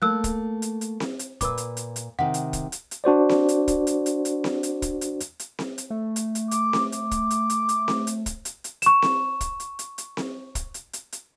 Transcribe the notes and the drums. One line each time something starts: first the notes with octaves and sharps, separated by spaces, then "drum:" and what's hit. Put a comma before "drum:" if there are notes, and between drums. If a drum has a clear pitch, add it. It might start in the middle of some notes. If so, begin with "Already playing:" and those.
A3 A#3 E6 F#6
drum: kick, hi-hat
drum: hi-hat
drum: hi-hat
drum: snare C4
drum: hi-hat
A#2 B4 D6 E6, drum: kick, hi-hat
drum: hi-hat
drum: hi-hat
drum: hi-hat
C3 D#3 F#5
drum: hi-hat
drum: kick, hi-hat
drum: hi-hat
drum: hi-hat
D4 F#4 C5 D5
drum: snare C4
drum: hi-hat
drum: kick, hi-hat
drum: hi-hat
drum: hi-hat
drum: hi-hat
drum: snare C4
drum: hi-hat
drum: kick, hi-hat
drum: hi-hat
drum: hi-hat
drum: hi-hat
drum: snare C4
drum: hi-hat
A3
drum: hi-hat
drum: hi-hat
D6, drum: hi-hat
drum: snare C4
D6, drum: hi-hat
drum: kick, hi-hat
drum: hi-hat
drum: hi-hat
drum: hi-hat
drum: snare C4
drum: hi-hat
drum: kick, hi-hat
drum: hi-hat
drum: hi-hat
C#6 E7, drum: hi-hat
drum: snare C4
drum: kick, hi-hat
drum: hi-hat
drum: hi-hat
drum: hi-hat
drum: snare C4
drum: kick, hi-hat
drum: hi-hat
drum: hi-hat
drum: hi-hat